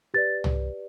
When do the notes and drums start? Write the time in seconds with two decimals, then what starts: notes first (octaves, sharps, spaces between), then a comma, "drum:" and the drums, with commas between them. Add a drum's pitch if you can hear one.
0.14 G4 B4 D5 A6
0.44 drum: tom C2